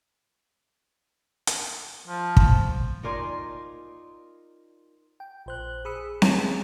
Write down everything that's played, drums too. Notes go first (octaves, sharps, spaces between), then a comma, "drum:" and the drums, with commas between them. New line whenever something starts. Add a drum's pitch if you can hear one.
drum: hi-hat
F3
drum: kick
D#4 F4 A#4 D5 G#5 C6
G5
A#1 C5 F#6
G#4 B5 D#6 E6 C#7
C#4 G#4, drum: snare C4